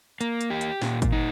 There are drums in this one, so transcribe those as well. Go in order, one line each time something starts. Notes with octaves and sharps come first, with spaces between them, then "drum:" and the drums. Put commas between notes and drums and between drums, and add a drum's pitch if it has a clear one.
A#3, drum: hi-hat
drum: hi-hat
G4
drum: hi-hat
A#2, drum: snare
drum: kick, hi-hat
D#4